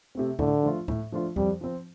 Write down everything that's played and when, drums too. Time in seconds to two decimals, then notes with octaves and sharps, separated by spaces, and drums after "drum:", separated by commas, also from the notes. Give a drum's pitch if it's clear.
0.15 C3 A3 C4
0.39 A2 D3, drum: kick
0.63 F3 A3 D4 F4
0.88 A2, drum: kick
1.12 F3 A3 D4 F4
1.36 F2 G3, drum: kick
1.61 F3 C4